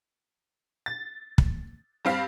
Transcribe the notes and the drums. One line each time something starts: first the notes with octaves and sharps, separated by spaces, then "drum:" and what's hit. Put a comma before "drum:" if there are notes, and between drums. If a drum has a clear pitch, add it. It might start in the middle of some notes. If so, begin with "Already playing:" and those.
A6
drum: kick
G2 C4 F5 B6